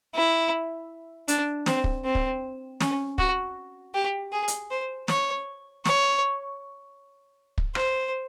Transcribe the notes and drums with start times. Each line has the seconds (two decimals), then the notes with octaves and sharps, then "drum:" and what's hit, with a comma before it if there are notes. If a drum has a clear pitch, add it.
0.15 E4
1.28 D4, drum: hi-hat
1.66 C4, drum: snare
1.84 drum: kick
2.05 C4
2.15 drum: kick
2.81 C#4, drum: snare
3.18 F#4, drum: kick
3.95 G4
4.32 G#4
4.48 drum: hi-hat
4.71 C5
5.08 C#5, drum: snare
5.86 C#5, drum: snare
7.58 drum: kick
7.75 C5, drum: rim click